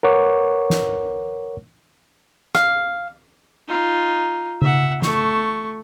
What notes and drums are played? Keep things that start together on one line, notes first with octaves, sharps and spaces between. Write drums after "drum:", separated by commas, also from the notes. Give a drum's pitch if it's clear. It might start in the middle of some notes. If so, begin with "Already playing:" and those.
A#4 B4 C#5 F#5 C#6 D6
drum: snare
F5, drum: rim click
D#4 F4
E5 F#5, drum: tom C#3
A3 C#6, drum: snare